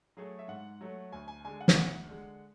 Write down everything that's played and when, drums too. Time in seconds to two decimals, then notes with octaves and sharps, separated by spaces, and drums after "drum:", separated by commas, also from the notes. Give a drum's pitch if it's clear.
0.17 F#3 A3 G#4
0.39 E5
0.48 G#2 F#5
0.81 F#3 A3
1.12 D2 G#5
1.28 G#5
1.45 D3 G#3 G#5
1.61 F#5
1.68 G#5, drum: snare
1.76 D2 F#5
2.08 D3 G#3